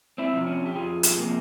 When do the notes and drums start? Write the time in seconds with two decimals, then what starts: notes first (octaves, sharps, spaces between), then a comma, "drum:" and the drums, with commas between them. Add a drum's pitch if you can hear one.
0.18 C4 E4
0.33 C3 F3
0.47 C#4
0.66 G4
0.76 F2 F4 G#4
1.03 drum: hi-hat
1.17 C3 F3 A#3